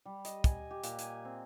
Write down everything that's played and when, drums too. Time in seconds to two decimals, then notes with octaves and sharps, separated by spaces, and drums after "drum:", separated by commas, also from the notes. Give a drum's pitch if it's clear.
0.06 G3
0.25 D#5, drum: hi-hat
0.44 G#5, drum: kick, hi-hat
0.71 G4
0.84 A#2, drum: hi-hat
0.99 G#5, drum: hi-hat
1.25 C4